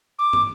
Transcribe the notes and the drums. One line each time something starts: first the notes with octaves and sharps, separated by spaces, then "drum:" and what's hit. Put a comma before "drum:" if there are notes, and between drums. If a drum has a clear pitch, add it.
D6
drum: tom